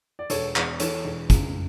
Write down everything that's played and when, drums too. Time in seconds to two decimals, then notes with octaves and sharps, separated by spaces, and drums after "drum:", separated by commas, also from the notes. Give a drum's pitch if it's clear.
0.19 D5
0.30 E1 A4 C#5, drum: hi-hat
0.56 E2, drum: clap
0.80 E3 A4 C#5, drum: hi-hat
1.05 E1
1.30 C#2, drum: kick, hi-hat